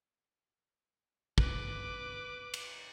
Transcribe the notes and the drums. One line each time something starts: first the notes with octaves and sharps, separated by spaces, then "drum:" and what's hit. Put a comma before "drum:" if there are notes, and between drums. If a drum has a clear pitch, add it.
B4 D6, drum: kick
drum: cymbal